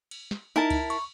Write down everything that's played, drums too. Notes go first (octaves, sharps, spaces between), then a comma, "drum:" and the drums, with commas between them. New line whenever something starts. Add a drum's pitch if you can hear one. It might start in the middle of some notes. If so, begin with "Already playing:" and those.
drum: cymbal
drum: snare
D#4 E4 A#4 A5
drum: kick C#2, cymbal
C#6, drum: cymbal